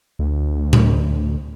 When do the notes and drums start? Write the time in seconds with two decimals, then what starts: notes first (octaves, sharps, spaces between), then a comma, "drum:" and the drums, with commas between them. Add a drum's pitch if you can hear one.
0.19 D2
0.73 drum: tom A2